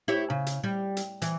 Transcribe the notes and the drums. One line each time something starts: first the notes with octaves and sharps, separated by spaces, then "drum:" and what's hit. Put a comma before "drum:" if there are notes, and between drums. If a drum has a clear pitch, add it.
E4 G4 C#5
C#3
drum: hi-hat
G3
drum: hi-hat
E3, drum: hi-hat